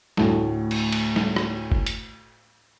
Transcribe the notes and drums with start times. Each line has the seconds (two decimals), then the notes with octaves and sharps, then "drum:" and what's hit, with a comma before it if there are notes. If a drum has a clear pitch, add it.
0.17 D2 A2, drum: snare
0.71 drum: cymbal
0.92 drum: cymbal
1.16 drum: snare
1.36 drum: rim click
1.72 drum: kick F#1
1.87 drum: hi-hat